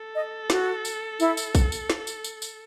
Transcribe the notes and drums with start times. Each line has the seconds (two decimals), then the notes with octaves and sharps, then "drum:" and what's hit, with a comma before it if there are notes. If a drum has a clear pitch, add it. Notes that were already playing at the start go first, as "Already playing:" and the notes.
Already playing: A4
0.15 D#5
0.50 F#4, drum: snare
0.85 drum: tambourine
1.20 E4, drum: tambourine
1.37 drum: tambourine
1.55 drum: kick, tambourine
1.72 drum: tambourine
1.90 drum: snare
2.07 drum: tambourine
2.24 drum: tambourine
2.42 drum: tambourine